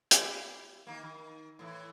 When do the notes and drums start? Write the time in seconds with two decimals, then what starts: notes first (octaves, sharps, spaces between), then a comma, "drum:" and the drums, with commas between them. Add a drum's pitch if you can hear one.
0.11 drum: hi-hat
0.21 E4 G4
0.87 D#3 A#3
1.03 D#3
1.59 A2 E3